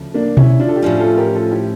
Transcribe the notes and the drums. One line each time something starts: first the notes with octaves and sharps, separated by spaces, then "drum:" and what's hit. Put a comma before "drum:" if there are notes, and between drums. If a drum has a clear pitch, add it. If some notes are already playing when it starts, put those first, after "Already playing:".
Already playing: D2 C#3 F3
A#3 D4
C#4 E4, drum: tom B2
D4 F4
A4
G4
A2 F3 C#4 D4 F4
F4 A4
G4 A#4
F4 A4
E4 G4